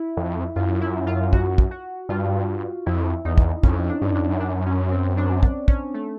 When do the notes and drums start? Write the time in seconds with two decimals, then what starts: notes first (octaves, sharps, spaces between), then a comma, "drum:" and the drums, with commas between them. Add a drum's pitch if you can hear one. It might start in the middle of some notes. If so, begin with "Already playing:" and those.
Already playing: E4
0.17 F2
0.56 F#2 F4
0.81 E4
1.07 F4
1.33 F#4, drum: kick
1.58 drum: kick
1.71 F#4
2.09 G2 F4
2.86 F2 E4
3.25 E2 D#4
3.38 drum: kick
3.63 F2 C#4, drum: kick
3.89 D4
4.02 G2
4.11 F#2 D4
4.20 F2
4.29 F#2
4.40 D4
4.66 C#4
4.91 C4
5.17 D4
5.43 D4, drum: kick
5.68 C#4, drum: kick
5.94 A3